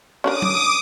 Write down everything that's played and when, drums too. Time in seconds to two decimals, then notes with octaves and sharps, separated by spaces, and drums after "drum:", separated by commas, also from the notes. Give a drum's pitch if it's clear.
0.24 C#4 D4 A#4 D6 D#6
0.42 drum: tom F#3